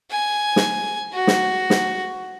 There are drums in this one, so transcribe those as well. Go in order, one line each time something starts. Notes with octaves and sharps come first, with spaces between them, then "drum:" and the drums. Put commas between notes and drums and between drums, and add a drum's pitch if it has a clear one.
G#5
drum: snare
F#4
drum: snare
drum: snare